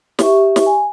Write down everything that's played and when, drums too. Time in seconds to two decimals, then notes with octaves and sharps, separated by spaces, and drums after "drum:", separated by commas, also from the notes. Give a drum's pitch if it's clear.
0.19 G4 E5 C#6, drum: snare
0.56 drum: snare
0.66 G#5